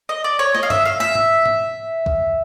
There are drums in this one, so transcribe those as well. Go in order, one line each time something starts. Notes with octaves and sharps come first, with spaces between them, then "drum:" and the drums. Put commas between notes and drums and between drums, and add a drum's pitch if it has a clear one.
D#5
D5
C#5
D#5, drum: snare
F5
E5, drum: tom G2
F5
E5, drum: snare
drum: tom G#2
drum: tom G#2
drum: kick C2